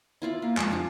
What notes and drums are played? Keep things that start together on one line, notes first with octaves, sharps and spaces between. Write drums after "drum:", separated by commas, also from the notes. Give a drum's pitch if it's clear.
E4 F4 D5
A#3 F4
F2 G#3 G#5, drum: clap
G3 D4 F4